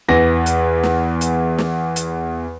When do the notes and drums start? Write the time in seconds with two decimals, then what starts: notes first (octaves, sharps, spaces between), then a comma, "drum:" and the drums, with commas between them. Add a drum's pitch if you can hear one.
0.08 E2 E3 A#6
0.46 drum: hi-hat
0.83 drum: snare
1.21 drum: hi-hat
1.58 drum: snare
1.96 drum: hi-hat